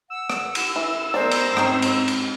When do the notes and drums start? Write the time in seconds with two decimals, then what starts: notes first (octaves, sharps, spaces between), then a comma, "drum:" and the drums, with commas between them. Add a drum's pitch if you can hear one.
0.10 F#5 E6
0.30 drum: rim click
0.55 drum: cymbal
0.76 E3
1.14 G#3 B3 A#4 C5 D5
1.31 drum: cymbal
1.57 G#2 D#3 C4 C#4, drum: rim click
1.82 drum: cymbal
2.08 drum: cymbal